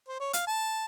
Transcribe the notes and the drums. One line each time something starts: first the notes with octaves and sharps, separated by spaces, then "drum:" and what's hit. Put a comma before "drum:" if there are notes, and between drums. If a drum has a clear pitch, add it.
C5
C#5
F5, drum: hi-hat
A5